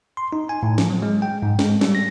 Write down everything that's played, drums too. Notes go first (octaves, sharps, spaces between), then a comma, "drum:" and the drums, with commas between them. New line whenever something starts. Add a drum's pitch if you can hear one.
C6
D#4
G#5
A2
F3, drum: snare
F#3
G#3
G5
G#2
G#3, drum: snare
G3, drum: snare
A#6